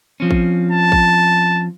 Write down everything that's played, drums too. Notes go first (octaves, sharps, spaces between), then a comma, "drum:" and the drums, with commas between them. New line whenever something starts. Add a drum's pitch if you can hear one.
F3 C4 C#4
drum: kick
A5
drum: kick